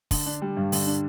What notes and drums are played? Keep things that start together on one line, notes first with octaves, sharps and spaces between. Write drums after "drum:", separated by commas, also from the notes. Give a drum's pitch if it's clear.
D3, drum: kick, open hi-hat
D4
G3
G2
D3, drum: open hi-hat
D4